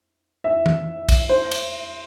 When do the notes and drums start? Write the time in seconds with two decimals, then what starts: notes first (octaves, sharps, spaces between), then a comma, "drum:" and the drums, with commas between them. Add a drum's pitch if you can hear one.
0.44 E5
0.66 drum: tom D#3
1.09 drum: kick A#1, cymbal
1.29 C5
1.51 drum: cymbal